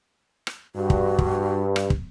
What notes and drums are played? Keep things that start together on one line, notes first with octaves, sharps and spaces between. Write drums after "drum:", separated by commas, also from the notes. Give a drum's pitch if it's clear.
drum: rim click
G2 F#4
drum: kick
drum: kick
drum: rim click
drum: kick